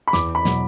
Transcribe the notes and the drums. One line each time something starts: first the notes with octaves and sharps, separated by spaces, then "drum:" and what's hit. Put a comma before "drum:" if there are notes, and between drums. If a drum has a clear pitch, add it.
B5
E2 D6, drum: snare
B5
B2 F#3, drum: snare